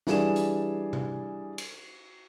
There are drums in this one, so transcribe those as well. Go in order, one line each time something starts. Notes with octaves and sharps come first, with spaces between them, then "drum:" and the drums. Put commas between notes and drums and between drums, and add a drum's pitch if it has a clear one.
E3 G3 D4 G#4 D5 E7, drum: snare
drum: hi-hat
drum: tom C3
drum: cymbal